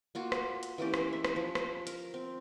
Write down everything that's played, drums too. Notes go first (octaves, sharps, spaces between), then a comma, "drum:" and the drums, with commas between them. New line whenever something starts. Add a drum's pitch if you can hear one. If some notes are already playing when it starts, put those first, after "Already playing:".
A#3 F4 F#4
drum: rim click
drum: hi-hat
E3 A#3 C#4 G4
drum: rim click
E5
drum: rim click
F3
drum: rim click
A#4, drum: hi-hat
C4